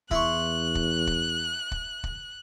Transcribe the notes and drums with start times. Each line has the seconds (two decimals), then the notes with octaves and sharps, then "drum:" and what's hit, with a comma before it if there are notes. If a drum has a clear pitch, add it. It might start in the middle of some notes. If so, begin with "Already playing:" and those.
0.11 E2 E4 C6 C#6 F#6, drum: kick
0.75 drum: kick
1.07 drum: kick
1.71 drum: kick
2.04 drum: kick